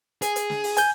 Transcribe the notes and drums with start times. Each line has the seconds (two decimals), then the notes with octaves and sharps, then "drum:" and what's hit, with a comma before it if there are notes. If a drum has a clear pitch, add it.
0.22 G#4, drum: hi-hat
0.36 drum: hi-hat
0.50 drum: snare
0.64 drum: open hi-hat
0.77 G#5 G6, drum: hi-hat